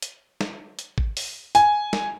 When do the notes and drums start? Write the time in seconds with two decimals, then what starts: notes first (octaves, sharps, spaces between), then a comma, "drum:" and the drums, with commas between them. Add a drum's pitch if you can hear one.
0.02 drum: hi-hat
0.41 drum: snare
0.79 drum: hi-hat
0.98 drum: kick G#1
1.17 drum: open hi-hat
1.55 G#5, drum: hi-hat
1.93 drum: snare